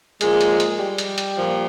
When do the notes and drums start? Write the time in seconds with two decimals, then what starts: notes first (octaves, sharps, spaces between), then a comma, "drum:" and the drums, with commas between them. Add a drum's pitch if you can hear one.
0.21 A#2 F3 G#3, drum: hi-hat
0.41 drum: hi-hat
0.60 drum: hi-hat
0.79 G3
0.98 drum: hi-hat
1.18 drum: hi-hat
1.37 A#2 F3